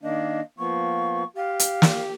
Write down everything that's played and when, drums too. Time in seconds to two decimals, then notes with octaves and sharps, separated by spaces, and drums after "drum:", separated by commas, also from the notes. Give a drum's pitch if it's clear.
0.03 D#3 A#3 D4 D#5
0.59 F3 A#3 B3 C#6
1.37 G4 F5
1.59 drum: hi-hat
1.82 drum: snare